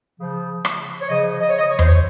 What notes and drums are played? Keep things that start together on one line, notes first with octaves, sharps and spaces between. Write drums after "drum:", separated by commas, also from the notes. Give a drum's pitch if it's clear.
C#3 F3
drum: rim click
C#5
C#3 F3 D#5
D#5
C#5
D#5
C#5
C5, drum: tom E2
C#5